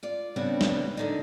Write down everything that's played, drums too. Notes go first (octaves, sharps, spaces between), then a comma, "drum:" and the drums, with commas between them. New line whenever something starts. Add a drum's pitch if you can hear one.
F4 D5
C#3 G3 B3 C4 D4 F#4
drum: snare
A#2 D3 D#4